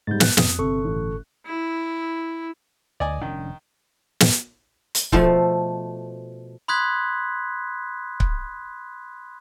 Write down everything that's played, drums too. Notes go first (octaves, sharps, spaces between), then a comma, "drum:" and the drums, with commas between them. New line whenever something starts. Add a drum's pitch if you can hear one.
G#2 G3 G6 A6
F#6, drum: snare
F2 D#6, drum: snare
G1 C3 A4 C#6
A1
E4
D2 D5 D#5 G#5
F1 D#3 C#4 D4
drum: snare
drum: hi-hat
B2 F3 A3 F4 A4, drum: kick C#1
B5 C6 D#6 F#6 G#6 B6
drum: kick C#1